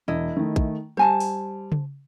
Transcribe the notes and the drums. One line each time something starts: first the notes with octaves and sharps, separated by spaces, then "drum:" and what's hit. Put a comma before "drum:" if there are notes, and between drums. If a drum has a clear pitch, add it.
E1 E4 D#5
D#3 A3
drum: kick A#1
G3 C5 G#5 A5
drum: open hi-hat
drum: tom C#3